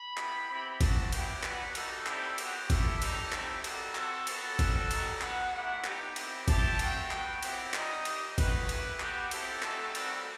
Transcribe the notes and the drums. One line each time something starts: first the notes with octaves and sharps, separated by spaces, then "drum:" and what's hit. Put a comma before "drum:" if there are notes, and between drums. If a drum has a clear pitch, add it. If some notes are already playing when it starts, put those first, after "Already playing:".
Already playing: B5
B3 E4 G4, drum: clap
C4 E4 G4 B5
C4 F#4 A5, drum: kick, cymbal
B3 E4 G4 G5, drum: cymbal
G3 B3 F#4 B4, drum: clap
G3 D#4 F#4 A4, drum: cymbal
G3 C4 E4 G4, drum: clap
B3 F#4 G4, drum: cymbal
A3 E4 G4 A4, drum: kick, cymbal
G3 D#4 G4, drum: cymbal
A3 C4 E4 G4, drum: clap
G3 C4 D#4 F#4 A4, drum: cymbal
C4 F#4 A4, drum: clap
B3 F#4 A4, drum: cymbal
G3 C4 F#4, drum: kick, cymbal
G3 D#4 F#4, drum: cymbal
B3 F#4 F#5, drum: clap
A3 E4 G4 F#5
B3 D#4 G4, drum: clap
C4 E4 G4, drum: cymbal
A3 E4 G4 A5, drum: kick, cymbal
A3 C4 F#4 G5, drum: cymbal
B3 F#4, drum: clap
C4 E4 G4 F#5, drum: cymbal
G3 C4 D#4 D#5, drum: clap
G3 D#4 G4, drum: cymbal
A3 D#4 F#4 B4, drum: kick, cymbal
A3 E4 G4, drum: cymbal
B3 F#4 G4, drum: clap
C4 E4 G4 A4, drum: cymbal
A3 C4 D#4 F#4 A4, drum: clap
G3 C4 F#4, drum: cymbal